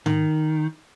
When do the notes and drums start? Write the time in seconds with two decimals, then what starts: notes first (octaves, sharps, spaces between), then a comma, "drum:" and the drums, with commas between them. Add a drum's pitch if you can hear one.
0.06 D#3, drum: tom G#2